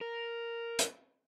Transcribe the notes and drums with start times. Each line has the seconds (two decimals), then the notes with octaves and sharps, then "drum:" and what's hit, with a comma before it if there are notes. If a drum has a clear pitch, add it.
0.01 A#4
0.79 drum: hi-hat